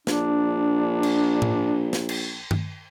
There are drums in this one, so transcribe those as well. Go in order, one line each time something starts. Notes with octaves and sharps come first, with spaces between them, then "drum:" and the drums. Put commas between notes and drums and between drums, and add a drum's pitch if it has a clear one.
A#1 D4, drum: snare
drum: cymbal
drum: tom A2
drum: snare
drum: cymbal
drum: tom